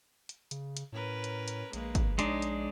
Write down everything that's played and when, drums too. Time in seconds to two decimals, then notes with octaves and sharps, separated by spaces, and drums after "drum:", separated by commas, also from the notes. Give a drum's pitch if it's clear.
0.29 drum: hi-hat
0.51 C#3, drum: hi-hat
0.77 drum: hi-hat
0.92 A2 C#4 A#4 B4
1.24 drum: hi-hat
1.48 drum: hi-hat
1.73 A#1 G#3 A#3 B4, drum: hi-hat
1.95 drum: kick, hi-hat
2.19 G#3 D4 D#4 C#5, drum: hi-hat
2.42 drum: hi-hat